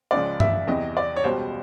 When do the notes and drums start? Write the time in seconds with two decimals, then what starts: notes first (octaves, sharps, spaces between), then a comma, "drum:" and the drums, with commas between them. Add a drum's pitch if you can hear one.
0.11 C#2 C#3 F3 G#3 D5
0.40 E5, drum: tom G2
0.67 E2 C3 E3 D#5
0.97 D5
1.16 C#5
1.24 C#2 B2 G3 C5